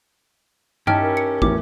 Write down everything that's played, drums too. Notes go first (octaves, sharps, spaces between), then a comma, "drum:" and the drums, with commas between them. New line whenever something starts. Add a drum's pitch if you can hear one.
C#4 D#4 E4 G4 A4 G5 A5 F6, drum: tom G2
A#4
C#7
E2 A2 A3 D6, drum: kick